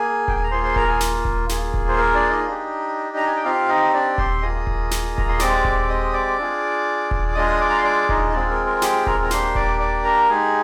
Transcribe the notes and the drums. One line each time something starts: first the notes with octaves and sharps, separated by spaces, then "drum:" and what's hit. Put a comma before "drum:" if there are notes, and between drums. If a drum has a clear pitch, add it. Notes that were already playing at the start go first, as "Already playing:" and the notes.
Already playing: A#3 G#4 G#5
G5, drum: kick D#1
G#5
A#5
A#3 F4 G#4 C5 C6
C5 C6
A#4 A#5, drum: kick D#1
G#4 G#5
drum: snare
drum: kick D#1
A#3 F4 G#4, drum: snare
drum: kick D#1
C5
A#4
D4 D5
D#4 D#5
D4 G4
A#5
G#5
G5
C4 F4 G4 F5
D#4 D#5
D4 D5
C5 C6, drum: kick D#1
A#3 F4 G#4 D#5 D#6
drum: kick D#1
drum: snare
A#5, drum: kick D#1
C6
G#3 C4 G4 D5 D6, drum: snare
drum: kick D#1
D6
D#5 D#6
D5 D6
D4 F4 G#4
drum: kick D#1
D6
G#3 D4 F4 G#4 D#5 D#6
D5 D6
A#5
C6
D5 D6
D#4 D#5, drum: kick D#1
G#3 C4 D4 F4 G#4 D5
A#4
A#4
G4 G5, drum: snare
A#4 A#5, drum: kick D#1
A#5
A#3 D4 G4 C5 C6, drum: snare
D5 D6, drum: kick D#1
D5 D6
A#4 A#5
G#3 D#4 G4 G#4 G#5